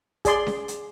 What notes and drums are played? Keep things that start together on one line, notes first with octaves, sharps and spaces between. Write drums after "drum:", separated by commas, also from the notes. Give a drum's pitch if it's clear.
G#4 D5 C6, drum: kick, hi-hat
drum: snare C#4
drum: hi-hat